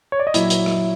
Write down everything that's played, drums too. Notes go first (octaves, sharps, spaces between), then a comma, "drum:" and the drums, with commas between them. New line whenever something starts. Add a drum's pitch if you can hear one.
C#5
D5
D#5
A#2 F#3 E4 E5, drum: hi-hat
drum: hi-hat
drum: rim click